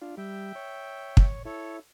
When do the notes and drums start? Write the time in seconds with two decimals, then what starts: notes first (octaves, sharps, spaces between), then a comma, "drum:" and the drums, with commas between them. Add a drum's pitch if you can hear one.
0.02 D4 F4
0.17 G3 E5 G5
0.55 C#5
1.17 drum: kick
1.45 E4 A4 C#5